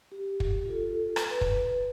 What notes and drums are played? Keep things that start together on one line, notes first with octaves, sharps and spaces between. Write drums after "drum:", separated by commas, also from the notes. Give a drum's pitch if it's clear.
G4
drum: kick
F4 A4
drum: rim click
B4
drum: kick